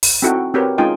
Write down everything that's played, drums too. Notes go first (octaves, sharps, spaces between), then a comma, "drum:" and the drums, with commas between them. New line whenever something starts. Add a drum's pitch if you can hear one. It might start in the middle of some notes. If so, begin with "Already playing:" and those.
drum: open hi-hat
C4 D#4 E4 F#4 A4 G5
C4 F#4 G4 A#4 B4 C#5
G#3 C#4 D#4 F4 G5 G#5